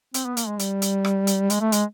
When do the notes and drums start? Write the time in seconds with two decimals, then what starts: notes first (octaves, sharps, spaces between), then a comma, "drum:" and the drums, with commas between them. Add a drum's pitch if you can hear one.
0.14 C4, drum: hi-hat
0.26 B3
0.37 A#3, drum: hi-hat
0.47 G#3
0.60 G3, drum: hi-hat
0.82 drum: hi-hat
1.05 drum: rim click
1.27 drum: hi-hat
1.50 G#3, drum: hi-hat
1.61 A3
1.72 G#3, drum: hi-hat